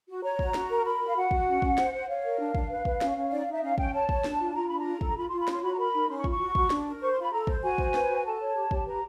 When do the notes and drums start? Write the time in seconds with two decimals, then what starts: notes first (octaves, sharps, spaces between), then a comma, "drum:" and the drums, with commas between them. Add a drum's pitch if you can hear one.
0.09 F#4
0.24 C#5 A#5
0.39 F#4, drum: kick
0.54 F#4, drum: snare
0.70 A#4
0.85 A#4 B5
1.01 F#4
1.09 F5
1.16 F#4 F#5
1.31 F#4, drum: kick
1.46 C#4
1.62 C#4, drum: kick
1.78 C5, drum: snare
1.93 C5
2.08 C#5 F5
2.24 A#4
2.39 D4
2.55 D4, drum: kick
2.70 B4
2.85 B4, drum: kick
3.01 C#4, drum: snare
3.17 C#4
3.32 D#4 D5
3.42 F5
3.47 D#4
3.52 E5
3.63 C#4 F5
3.78 C#4 G5, drum: kick
3.93 C#5 A5
4.09 C#5, drum: kick
4.24 D4, drum: snare
4.40 F4
4.55 F4 A#5
4.67 D4 B5
4.79 A#5
4.86 F4
5.01 A4, drum: kick
5.17 F4 B5
5.29 F4 C6
5.39 B5
5.48 C#5 C6, drum: snare
5.63 F#4 B5
5.73 A#5
5.78 A#4 B5
5.94 D#4
6.09 C#4 C6
6.19 C#6
6.24 F4, drum: kick
6.30 C#6
6.40 F#4
6.55 F#4, drum: kick
6.70 D4, drum: snare
6.86 A#4
7.01 C5 C#6
7.11 C6
7.17 F4 B5
7.32 A4 A#5
7.47 C5, drum: kick
7.63 F#4 G#5
7.78 C5, drum: kick
7.94 B4, drum: snare
8.09 F#4
8.25 A4 A5
8.40 C#5
8.56 G4
8.71 G4, drum: kick
8.86 B4 A#5